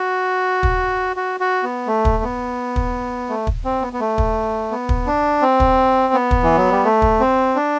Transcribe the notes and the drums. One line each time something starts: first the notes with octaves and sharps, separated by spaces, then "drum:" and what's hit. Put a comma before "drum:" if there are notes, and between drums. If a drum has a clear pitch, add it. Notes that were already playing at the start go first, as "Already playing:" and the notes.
Already playing: F#4
drum: kick
F#4
F#4
B3
A3
drum: kick
B3
drum: kick
A3
drum: kick
C4
B3
B3
A3
drum: kick
B3
drum: kick
D4
C4
drum: kick
B3
drum: kick
E3
F#3
G3
A3
drum: kick
C4
D4